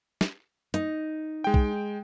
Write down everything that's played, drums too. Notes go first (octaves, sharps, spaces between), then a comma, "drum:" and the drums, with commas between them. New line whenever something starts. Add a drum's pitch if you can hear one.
drum: snare
D#4, drum: hi-hat
G#3 G5
drum: kick